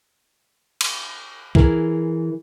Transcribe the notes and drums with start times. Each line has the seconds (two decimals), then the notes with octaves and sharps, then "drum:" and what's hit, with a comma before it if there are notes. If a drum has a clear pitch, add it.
0.81 drum: cymbal
1.55 E3 E4 G#4 A#4, drum: kick